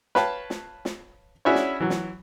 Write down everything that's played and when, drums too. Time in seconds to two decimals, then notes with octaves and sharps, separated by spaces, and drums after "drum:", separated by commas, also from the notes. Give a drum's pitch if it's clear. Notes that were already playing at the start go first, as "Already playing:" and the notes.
0.15 B4 C#5 F5 G5 A5, drum: snare
0.50 drum: snare
0.85 drum: snare
1.45 C#4 D4 E4 F#4 G#4 C#5
1.55 drum: snare
1.80 E3 F#3
1.90 drum: snare